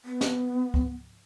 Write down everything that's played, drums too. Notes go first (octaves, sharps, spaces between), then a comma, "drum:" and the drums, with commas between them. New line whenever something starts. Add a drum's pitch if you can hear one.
B3
drum: snare
drum: kick C#2